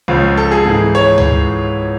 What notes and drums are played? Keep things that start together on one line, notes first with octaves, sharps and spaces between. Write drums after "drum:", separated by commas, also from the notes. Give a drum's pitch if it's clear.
C#2 C#3 F3
A4
G#4
G#2 E3
C#5
drum: tom D2